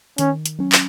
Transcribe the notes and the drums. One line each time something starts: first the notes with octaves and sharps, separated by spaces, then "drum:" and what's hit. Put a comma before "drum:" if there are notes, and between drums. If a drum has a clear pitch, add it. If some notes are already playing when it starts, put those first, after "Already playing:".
D#3 C#4, drum: hi-hat
drum: hi-hat
F#3 C#4
drum: clap